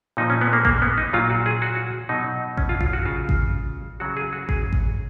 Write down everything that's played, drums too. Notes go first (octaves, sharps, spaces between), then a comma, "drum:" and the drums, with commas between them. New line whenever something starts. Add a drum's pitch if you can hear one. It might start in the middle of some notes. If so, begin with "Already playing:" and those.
A#2 F3 D#4
C#4
B3
A#3
A#3, drum: kick A1
B3
D#4
A#2 F#3 F4
F#4
G#4
F#4
B2 F#3 D#4
C#4, drum: kick A1
F4
F4, drum: kick A1
F#4
C#3 F#3 F4
drum: kick A1
C#3 F#3 F#4
G#4
F#4
G#4, drum: kick A1
drum: kick A1